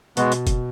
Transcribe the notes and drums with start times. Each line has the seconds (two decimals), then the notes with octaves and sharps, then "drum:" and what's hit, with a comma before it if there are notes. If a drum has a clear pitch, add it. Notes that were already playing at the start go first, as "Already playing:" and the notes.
0.17 B2 G#3 B3 F#4, drum: hi-hat
0.32 drum: hi-hat
0.47 drum: kick, hi-hat